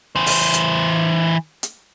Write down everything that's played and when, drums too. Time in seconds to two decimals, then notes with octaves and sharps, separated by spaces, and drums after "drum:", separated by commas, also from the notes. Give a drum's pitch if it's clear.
0.16 E3 C5
0.26 drum: open hi-hat
0.54 drum: hi-hat
1.63 drum: hi-hat